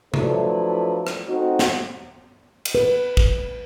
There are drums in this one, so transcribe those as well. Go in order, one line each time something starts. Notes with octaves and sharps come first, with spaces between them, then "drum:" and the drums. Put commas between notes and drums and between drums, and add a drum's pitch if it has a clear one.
F3 F#3 A3 D4 E4 B4, drum: tom C3
drum: rim click
A3 C4 D#4 F#4
drum: snare
drum: cymbal
B4
drum: kick